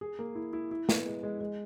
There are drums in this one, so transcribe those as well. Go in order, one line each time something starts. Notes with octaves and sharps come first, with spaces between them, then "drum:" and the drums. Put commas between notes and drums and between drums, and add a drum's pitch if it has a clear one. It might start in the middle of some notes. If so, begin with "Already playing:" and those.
G#4
A#3
E4
E4
E4
B3, drum: snare
G#3
G#3
G#3